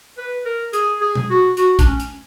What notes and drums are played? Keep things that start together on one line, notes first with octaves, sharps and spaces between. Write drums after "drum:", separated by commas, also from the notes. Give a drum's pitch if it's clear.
B4
A#4
G#4, drum: hi-hat
G#4
drum: tom B2
F#4
F#4, drum: hi-hat
D4, drum: kick, hi-hat
C#4
drum: hi-hat